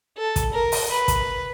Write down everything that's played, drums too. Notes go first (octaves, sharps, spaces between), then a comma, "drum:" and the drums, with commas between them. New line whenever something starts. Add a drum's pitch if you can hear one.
A4
drum: kick, hi-hat
A#4
drum: open hi-hat
B4
drum: kick, hi-hat